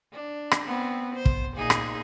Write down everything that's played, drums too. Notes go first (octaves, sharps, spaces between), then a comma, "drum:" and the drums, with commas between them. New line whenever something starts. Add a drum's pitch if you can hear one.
D4
drum: rim click
B3 C4
C5
drum: kick
A#2 D#4 G#4
drum: rim click